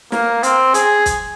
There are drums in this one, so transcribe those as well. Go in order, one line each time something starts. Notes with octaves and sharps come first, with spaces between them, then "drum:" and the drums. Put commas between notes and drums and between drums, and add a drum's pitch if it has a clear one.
A#3, drum: snare
C4, drum: hi-hat
G#4, drum: hi-hat
drum: kick, hi-hat